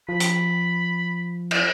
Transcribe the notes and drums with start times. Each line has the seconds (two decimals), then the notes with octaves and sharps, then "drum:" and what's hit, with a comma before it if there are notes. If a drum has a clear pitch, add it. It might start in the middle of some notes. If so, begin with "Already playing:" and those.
0.09 F3 B5
0.20 drum: hi-hat
1.51 drum: cymbal